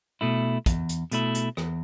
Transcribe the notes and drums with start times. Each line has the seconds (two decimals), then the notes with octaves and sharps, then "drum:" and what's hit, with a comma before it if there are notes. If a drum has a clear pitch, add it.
0.21 B2 A3 E4
0.66 E2, drum: kick, hi-hat
0.89 drum: hi-hat
1.11 B2 A3 E4, drum: hi-hat
1.35 drum: hi-hat
1.57 E2, drum: rim click